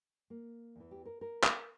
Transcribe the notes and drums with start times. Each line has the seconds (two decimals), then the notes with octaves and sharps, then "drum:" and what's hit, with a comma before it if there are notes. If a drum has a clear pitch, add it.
0.30 A#3
0.76 E2 E3
0.91 G4
1.06 A#4
1.21 A#4
1.44 drum: clap